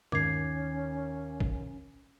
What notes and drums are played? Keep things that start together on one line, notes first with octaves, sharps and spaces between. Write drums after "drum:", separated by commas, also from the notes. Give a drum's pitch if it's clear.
D#2 C#4 D6 G#6 C7, drum: tom G2
drum: kick